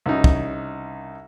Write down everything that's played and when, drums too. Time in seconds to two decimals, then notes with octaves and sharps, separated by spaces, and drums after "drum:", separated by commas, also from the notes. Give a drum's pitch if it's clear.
0.06 C2 C#3 D#4
0.24 drum: kick